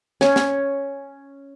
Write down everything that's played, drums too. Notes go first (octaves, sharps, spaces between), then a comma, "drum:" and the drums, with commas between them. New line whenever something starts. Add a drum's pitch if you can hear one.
C#4, drum: snare
drum: snare